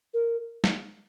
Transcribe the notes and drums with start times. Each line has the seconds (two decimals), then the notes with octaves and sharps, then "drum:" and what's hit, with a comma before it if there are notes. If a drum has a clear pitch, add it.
0.14 A#4
0.64 drum: snare